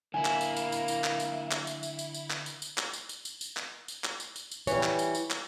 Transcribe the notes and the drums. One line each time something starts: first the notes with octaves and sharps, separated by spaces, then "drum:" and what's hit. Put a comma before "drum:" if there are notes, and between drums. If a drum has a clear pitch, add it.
D3 A#3 E4 G#5
drum: clap
drum: tambourine
drum: tambourine
drum: tambourine
drum: tambourine
drum: clap
drum: tambourine
drum: clap
drum: tambourine
drum: tambourine
drum: tambourine
drum: tambourine
drum: clap
drum: tambourine
drum: tambourine
drum: clap
drum: tambourine
drum: tambourine
drum: tambourine
drum: tambourine
drum: clap
drum: tambourine
drum: clap
drum: tambourine
drum: tambourine
drum: tambourine
E3 G3 C#5, drum: tambourine
drum: clap
drum: tambourine
drum: tambourine
drum: clap